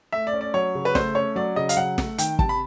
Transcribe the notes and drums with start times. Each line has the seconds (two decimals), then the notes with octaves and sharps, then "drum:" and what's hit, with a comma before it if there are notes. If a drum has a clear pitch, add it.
0.13 A3 E5
0.27 D5
0.33 C#4
0.41 D5
0.54 F#3 C#5
0.75 C#3
0.85 B4
0.95 A3 C5, drum: snare
1.15 C#4 C#5
1.36 F#3 D5
1.56 C#3 D#5
1.69 F5, drum: hi-hat
1.77 F#3 F#5
1.98 A3, drum: snare
2.18 D#3 G5, drum: hi-hat
2.39 C3 A5, drum: kick
2.49 B5